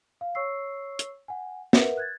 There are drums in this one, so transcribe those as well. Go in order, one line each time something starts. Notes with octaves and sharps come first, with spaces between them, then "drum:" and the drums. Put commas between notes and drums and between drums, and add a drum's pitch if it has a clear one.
F5
C#5 C#6 E6 C7
drum: hi-hat
F#5 G#5
A#4 B4 E5 F#5, drum: snare
F#6 G#6 A6